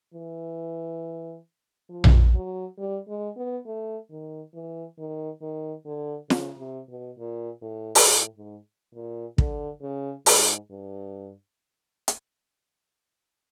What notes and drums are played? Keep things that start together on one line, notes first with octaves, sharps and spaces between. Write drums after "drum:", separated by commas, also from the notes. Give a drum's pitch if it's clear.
E3
F3
drum: tom A#1
F#3
G3
G#3
B3
A3
D#3
E3
D#3
D#3
D3
C#3, drum: snare
C3
B2
A#2
A2
drum: open hi-hat
A2
G#2
A#2
D3, drum: kick
C#3
G#2, drum: open hi-hat
G2
drum: hi-hat